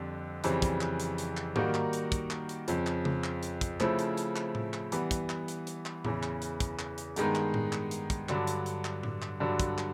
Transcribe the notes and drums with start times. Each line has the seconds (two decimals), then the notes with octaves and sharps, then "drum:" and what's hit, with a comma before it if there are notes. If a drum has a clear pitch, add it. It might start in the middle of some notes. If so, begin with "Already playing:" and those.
Already playing: F2 D3 G3
0.44 F2 C#3 E3 G3 C4, drum: hi-hat
0.62 drum: kick, hi-hat
0.81 drum: clap
1.00 drum: hi-hat
1.18 drum: hi-hat
1.37 drum: clap
1.56 D#3 G3 A#3 D#4 F#4, drum: tom
1.74 drum: clap
1.93 drum: hi-hat
2.12 drum: kick, hi-hat
2.30 drum: clap
2.49 drum: hi-hat
2.68 F2 C#3 F3, drum: hi-hat
2.87 drum: clap
3.05 drum: tom C#3
3.24 drum: clap
3.43 drum: hi-hat
3.61 drum: kick, hi-hat
3.80 C#3 F3 A3 C4 E4, drum: clap
3.99 drum: hi-hat
4.17 drum: hi-hat
4.36 drum: clap
4.55 drum: tom A2
4.73 drum: clap
4.92 E3 G3 B3, drum: hi-hat
5.11 drum: kick, hi-hat
5.30 drum: clap
5.48 drum: hi-hat
5.67 drum: hi-hat
5.86 drum: clap
6.05 E2 C#3 E3, drum: tom A2
6.23 drum: clap
6.42 drum: hi-hat
6.60 drum: kick, hi-hat
6.79 drum: clap
6.98 drum: hi-hat
7.16 G2 D#3 G#3 B3 D#4, drum: hi-hat
7.35 drum: clap
7.54 drum: tom A2
7.73 drum: clap
7.91 drum: hi-hat
8.10 drum: kick, hi-hat
8.29 G2 D3 F#3, drum: clap
8.47 drum: hi-hat
8.66 drum: hi-hat
8.85 drum: clap
9.03 drum: tom A2
9.22 drum: clap
9.40 G2 D3 F#3
9.60 drum: kick, hi-hat
9.78 drum: clap